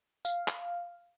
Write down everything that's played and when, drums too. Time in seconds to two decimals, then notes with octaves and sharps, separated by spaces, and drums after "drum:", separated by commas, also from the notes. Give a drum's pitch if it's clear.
0.25 F5, drum: tambourine
0.48 drum: clap